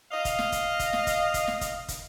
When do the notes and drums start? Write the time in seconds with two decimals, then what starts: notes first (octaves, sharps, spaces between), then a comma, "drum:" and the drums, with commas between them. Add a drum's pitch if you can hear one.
0.11 D#5 F5
0.25 drum: kick, hi-hat
0.39 drum: snare
0.52 drum: kick, hi-hat
0.79 drum: kick, hi-hat
0.93 drum: snare
1.07 drum: kick, hi-hat
1.34 drum: kick, hi-hat
1.48 drum: snare
1.61 drum: kick, hi-hat
1.88 drum: kick, hi-hat